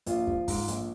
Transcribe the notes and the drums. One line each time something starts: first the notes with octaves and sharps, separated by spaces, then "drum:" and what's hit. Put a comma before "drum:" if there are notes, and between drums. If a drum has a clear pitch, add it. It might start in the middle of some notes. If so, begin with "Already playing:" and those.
A#1 F4, drum: hi-hat
F3, drum: kick
G#2, drum: kick, open hi-hat
A#1, drum: hi-hat